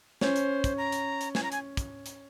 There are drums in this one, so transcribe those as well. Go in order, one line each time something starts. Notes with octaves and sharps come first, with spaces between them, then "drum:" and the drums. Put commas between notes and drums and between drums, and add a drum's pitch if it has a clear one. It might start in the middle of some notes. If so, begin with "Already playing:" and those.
C#4 C5, drum: snare
drum: hi-hat
drum: kick, hi-hat
A#5
drum: hi-hat
drum: hi-hat
G#5, drum: snare
A#5
G#5, drum: hi-hat
drum: kick, hi-hat
drum: hi-hat